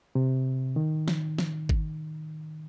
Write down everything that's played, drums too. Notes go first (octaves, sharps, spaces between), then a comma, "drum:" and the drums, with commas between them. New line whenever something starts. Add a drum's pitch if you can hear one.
C3
D#3
drum: snare
drum: snare
drum: kick G1